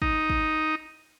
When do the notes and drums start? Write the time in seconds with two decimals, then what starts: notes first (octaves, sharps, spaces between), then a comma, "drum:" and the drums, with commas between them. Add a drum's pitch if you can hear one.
0.02 D#4, drum: kick
0.30 drum: kick